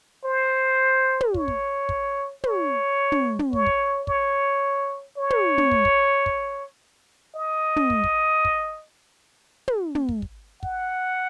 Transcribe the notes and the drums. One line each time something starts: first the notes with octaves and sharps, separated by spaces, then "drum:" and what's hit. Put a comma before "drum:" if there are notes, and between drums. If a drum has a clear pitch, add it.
C5
drum: tom
C#5, drum: kick
drum: kick
drum: kick
C#5, drum: tom
drum: tom
drum: tom
C#5, drum: kick
drum: kick
C#5, drum: kick
C#5
drum: tom
drum: tom
drum: kick
drum: kick
drum: kick
D#5
drum: tom
drum: kick
drum: kick
drum: kick
drum: tom
drum: tom
drum: kick
drum: kick
F#5, drum: kick